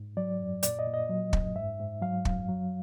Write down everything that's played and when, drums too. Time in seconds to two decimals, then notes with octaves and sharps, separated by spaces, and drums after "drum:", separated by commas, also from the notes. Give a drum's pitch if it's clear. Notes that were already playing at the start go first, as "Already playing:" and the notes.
Already playing: G#2
0.17 F#3 D5
0.40 F#2
0.63 A#2 D5, drum: hi-hat
0.79 D#5
0.87 A#2
0.94 D#5
1.09 F#3
1.33 F#2, drum: kick
1.56 G#2 E5
1.80 G#2
2.02 F#3 F5
2.25 F#2, drum: kick
2.49 F#3